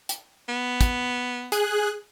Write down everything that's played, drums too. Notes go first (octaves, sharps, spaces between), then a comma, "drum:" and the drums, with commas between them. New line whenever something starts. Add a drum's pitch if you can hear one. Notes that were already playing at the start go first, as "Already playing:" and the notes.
drum: hi-hat
B3
drum: kick, hi-hat
G#4 F#6, drum: hi-hat